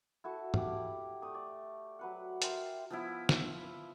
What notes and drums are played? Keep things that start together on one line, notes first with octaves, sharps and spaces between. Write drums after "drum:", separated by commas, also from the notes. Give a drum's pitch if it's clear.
E4 F#4 A4 A5
G4 B5, drum: tom
A3 D5 D#6
D5
F#3 B4 F#5
A#4 E5 G5 C6, drum: hi-hat
F3 B3 E4
drum: snare